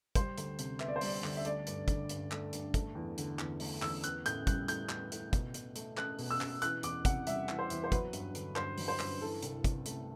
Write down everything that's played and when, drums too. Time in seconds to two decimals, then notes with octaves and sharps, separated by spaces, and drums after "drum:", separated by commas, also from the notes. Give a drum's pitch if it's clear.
0.15 G3 C5, drum: kick, hi-hat
0.38 D2, drum: hi-hat
0.59 C3, drum: hi-hat
0.80 B3 E5, drum: clap
0.88 D5
0.96 C5
1.01 G3 D5, drum: open hi-hat
1.24 D2, drum: clap
1.37 E5
1.45 A3 D5, drum: hi-hat
1.67 G2, drum: hi-hat
1.88 D3, drum: kick, hi-hat
2.09 G2, drum: hi-hat
2.32 A3, drum: clap
2.53 G2, drum: hi-hat
2.74 A3, drum: kick, hi-hat
2.95 E2
3.18 D3, drum: hi-hat
3.39 E2, drum: clap
3.60 A3, drum: open hi-hat
3.82 E2 E6, drum: clap
4.04 B3 F#6, drum: hi-hat
4.26 A2 G6, drum: hi-hat
4.47 G3 F#6, drum: kick, hi-hat
4.68 A2 G6, drum: hi-hat
4.89 B3, drum: clap
5.12 A2, drum: hi-hat
5.33 B2, drum: kick, hi-hat
5.54 B2, drum: hi-hat
5.76 A3, drum: hi-hat
5.97 A3 F#6, drum: clap
6.19 B2, drum: open hi-hat
6.30 E6
6.41 B2, drum: clap
6.62 E3 F#6, drum: hi-hat
6.83 E2 D6, drum: hi-hat
7.05 C3 F#5, drum: kick, hi-hat
7.27 G3 E5, drum: hi-hat
7.49 E3, drum: clap
7.59 C5
7.70 E2, drum: hi-hat
7.84 C5
7.92 F#3 B4, drum: kick, hi-hat
8.13 G2, drum: hi-hat
8.35 D3, drum: hi-hat
8.56 G2 C5, drum: clap
8.78 F#3, drum: open hi-hat
8.88 C5
8.99 G2, drum: clap
9.21 E3 A4
9.42 C2, drum: hi-hat
9.64 C3, drum: kick, hi-hat
9.86 A3, drum: hi-hat